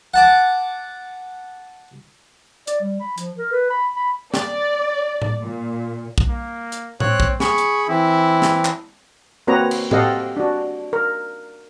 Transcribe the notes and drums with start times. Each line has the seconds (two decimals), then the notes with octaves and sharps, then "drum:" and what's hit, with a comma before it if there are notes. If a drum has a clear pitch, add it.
0.14 F#5 A5 D6
2.67 D5, drum: hi-hat
2.80 G3
3.00 B5
3.18 F3, drum: hi-hat
3.38 A#4
3.52 B4
3.70 B5
3.96 B5
4.34 D5, drum: snare
5.22 drum: tom A2
5.40 A#2
6.18 drum: kick
6.29 A#3
6.72 drum: hi-hat
7.00 C4 C#5 F#6, drum: tom A2
7.20 drum: kick
7.40 G#4 B5 C#6, drum: snare
7.58 drum: hi-hat
7.89 E3 C4 E4
8.42 drum: snare
8.65 drum: clap
9.47 A#3 C4 F#4 B4 C#5 A#5
9.71 drum: cymbal
9.91 C4 G4 A4 D#5 F5 F#5, drum: tom A2
10.37 D4 F#4
10.93 A#4